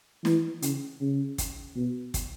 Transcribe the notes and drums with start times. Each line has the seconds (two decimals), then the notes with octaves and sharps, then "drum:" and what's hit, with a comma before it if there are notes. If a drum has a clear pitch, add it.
0.25 E3, drum: snare
0.62 C#3, drum: hi-hat
1.01 C#3
1.38 drum: kick, hi-hat
1.76 B2
2.14 drum: kick, hi-hat